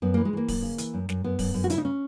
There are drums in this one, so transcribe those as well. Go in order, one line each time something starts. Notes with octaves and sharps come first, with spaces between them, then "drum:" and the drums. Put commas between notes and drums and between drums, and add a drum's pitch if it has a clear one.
F#2 B3
E3 A#3
G#3
E3 A#3
F#2, drum: kick D1, open hi-hat
C#3
E3, drum: hi-hat
F#2
F#2, drum: snare
F#2 B3
F#2, drum: kick D1, open hi-hat
F#2
F#4
C#3 E4, drum: hi-hat
D#4
C#4